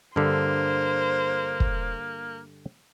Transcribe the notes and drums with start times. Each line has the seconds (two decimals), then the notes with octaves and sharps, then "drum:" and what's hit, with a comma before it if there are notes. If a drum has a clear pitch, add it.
0.16 G2 D3 A#3 C5
1.60 drum: kick